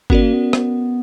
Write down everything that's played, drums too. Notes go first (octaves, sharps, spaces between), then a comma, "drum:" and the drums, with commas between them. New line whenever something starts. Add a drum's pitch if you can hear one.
B3 C#4 F#4 A#4 D5, drum: kick G1
A#3
B3
drum: rim click